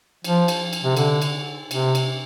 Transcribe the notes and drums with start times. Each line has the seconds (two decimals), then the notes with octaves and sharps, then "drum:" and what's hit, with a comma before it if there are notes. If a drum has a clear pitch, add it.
0.24 F3, drum: cymbal
0.48 drum: cymbal
0.73 drum: cymbal
0.84 C3
0.97 D3, drum: cymbal
1.22 drum: cymbal
1.71 C3, drum: cymbal
1.95 drum: cymbal